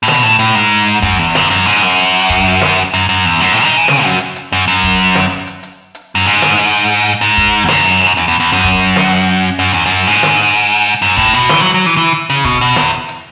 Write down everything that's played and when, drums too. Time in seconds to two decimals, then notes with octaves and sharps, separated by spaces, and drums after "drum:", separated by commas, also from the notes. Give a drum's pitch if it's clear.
0.03 A2
0.08 B2, drum: snare
0.23 A2, drum: hi-hat
0.39 A2, drum: hi-hat
0.55 G#2, drum: hi-hat
0.71 drum: hi-hat
0.87 drum: hi-hat
1.02 F#2, drum: kick, hi-hat
1.18 E2, drum: hi-hat
1.35 F#2, drum: snare
1.50 F#2, drum: hi-hat
1.66 G#2, drum: hi-hat
1.82 F#2, drum: hi-hat
1.98 drum: hi-hat
2.14 drum: hi-hat
2.30 drum: kick, hi-hat
2.46 drum: hi-hat
2.61 drum: snare
2.77 drum: hi-hat
2.94 F#2, drum: hi-hat
3.09 F#2, drum: hi-hat
3.25 E2, drum: hi-hat
3.40 F#2, drum: hi-hat
3.53 A2
3.64 D#3
3.77 E3
3.88 C#3, drum: snare
4.04 F#2
4.20 drum: hi-hat
4.36 drum: hi-hat
4.52 F#2, drum: hi-hat
4.68 F#2, drum: hi-hat
4.84 drum: kick, hi-hat
4.99 drum: hi-hat
5.15 drum: snare
5.31 drum: hi-hat
5.47 drum: hi-hat
5.63 drum: hi-hat
5.95 drum: hi-hat
6.15 F#2
6.26 G#2, drum: hi-hat
6.42 drum: snare
6.58 drum: hi-hat
6.74 drum: hi-hat
6.90 drum: hi-hat
7.06 drum: hi-hat
7.21 G#2, drum: hi-hat
7.37 drum: kick, hi-hat
7.53 drum: hi-hat
7.64 E2
7.69 F#2, drum: snare
7.85 drum: hi-hat
8.01 drum: hi-hat
8.17 E2, drum: hi-hat
8.28 E2
8.40 E2
8.52 F#2
8.64 drum: kick, hi-hat
8.80 drum: hi-hat
8.96 drum: snare
9.12 drum: hi-hat
9.28 drum: hi-hat
9.44 drum: hi-hat
9.59 F#2, drum: hi-hat
9.73 E2, drum: hi-hat
9.86 F#2
10.07 G#2
10.23 drum: snare
10.39 drum: hi-hat
10.55 drum: hi-hat
10.86 drum: hi-hat
11.02 F#2, drum: hi-hat
11.18 A2, drum: kick, hi-hat
11.34 B2, drum: hi-hat
11.49 E3, drum: snare
11.62 F#3
11.74 F#3
11.86 E3
11.97 E3, drum: hi-hat
12.13 drum: hi-hat
12.30 C#3
12.44 B2, drum: kick, hi-hat
12.61 B2, drum: hi-hat
12.76 E2, drum: snare
12.93 drum: hi-hat
13.09 drum: hi-hat